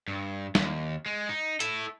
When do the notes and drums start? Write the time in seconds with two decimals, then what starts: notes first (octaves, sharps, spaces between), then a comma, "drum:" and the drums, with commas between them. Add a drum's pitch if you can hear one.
0.08 G2
0.55 D#2, drum: snare
1.06 G#3
1.29 D#4
1.60 E4 A4, drum: hi-hat